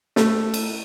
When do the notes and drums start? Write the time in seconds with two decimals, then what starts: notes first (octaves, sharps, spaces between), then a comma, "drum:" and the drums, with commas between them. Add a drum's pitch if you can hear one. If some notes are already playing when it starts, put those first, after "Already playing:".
0.16 A3, drum: snare
0.54 drum: cymbal